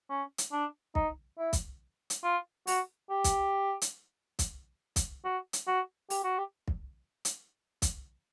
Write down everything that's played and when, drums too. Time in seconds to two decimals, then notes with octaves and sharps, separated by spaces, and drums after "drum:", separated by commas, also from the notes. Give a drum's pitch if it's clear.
0.10 C#4
0.38 drum: hi-hat
0.52 D4
0.95 D#4, drum: kick
1.39 E4
1.53 drum: kick, hi-hat
2.10 drum: hi-hat
2.24 F4
2.67 F#4, drum: open hi-hat
3.10 G4
3.24 drum: kick, hi-hat
3.82 drum: hi-hat
4.39 drum: kick, hi-hat
4.96 drum: kick, hi-hat
5.25 F#4
5.53 drum: hi-hat
5.67 F#4
6.10 G4, drum: open hi-hat
6.24 F#4
6.38 G4
6.68 drum: kick
7.25 drum: hi-hat
7.82 drum: kick, hi-hat